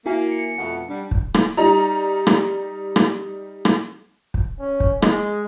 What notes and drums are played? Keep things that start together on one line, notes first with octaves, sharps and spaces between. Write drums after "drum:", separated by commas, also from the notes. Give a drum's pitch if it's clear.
A#3 E4 F#4 G#5
C#7
F2 B2 A3 F#5
G3 D4
drum: kick
drum: rim click
G3 D#4 A#5
drum: rim click
drum: rim click
drum: rim click
drum: kick
C#4
drum: kick
G#3, drum: rim click